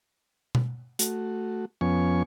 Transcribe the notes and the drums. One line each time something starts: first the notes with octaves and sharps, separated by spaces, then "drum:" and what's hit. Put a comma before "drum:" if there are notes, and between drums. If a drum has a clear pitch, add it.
drum: tom B2
A3 F#4, drum: hi-hat
F2 F3 B3 C#4 G#5 C#6